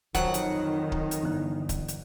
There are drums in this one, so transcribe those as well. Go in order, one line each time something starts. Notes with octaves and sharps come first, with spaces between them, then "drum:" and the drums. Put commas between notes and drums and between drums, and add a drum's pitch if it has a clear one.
F2 D#3 F#3 F#5, drum: kick C#1, hi-hat
drum: hi-hat
drum: kick C#1
drum: hi-hat
G1 E3 F#6
drum: kick C#1, hi-hat
drum: hi-hat